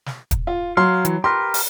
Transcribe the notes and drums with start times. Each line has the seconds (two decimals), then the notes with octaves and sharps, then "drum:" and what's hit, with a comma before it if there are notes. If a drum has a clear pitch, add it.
0.06 drum: snare
0.31 drum: kick, hi-hat
0.47 F4
0.77 F#3 F5 C6
1.05 E3, drum: hi-hat
1.24 G4 A#4 B4 C6
1.54 drum: open hi-hat